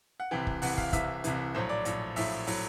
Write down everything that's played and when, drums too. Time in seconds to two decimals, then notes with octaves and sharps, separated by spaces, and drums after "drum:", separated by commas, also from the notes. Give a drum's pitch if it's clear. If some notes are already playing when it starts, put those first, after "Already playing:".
0.20 F#5
0.31 C2 C3 E3 G5
0.47 drum: kick
0.62 C2 C3 E3 F#5, drum: open hi-hat
0.78 F5, drum: kick
0.93 C2 C3 E3 E5, drum: kick, hi-hat
1.24 C2 C3 E3, drum: hi-hat
1.55 A#1 A2 F#3 C5
1.69 D5
1.85 A#1 A2 F#3, drum: hi-hat
2.16 A#1 A2 F#3 E5, drum: open hi-hat
2.47 A2 F#3, drum: open hi-hat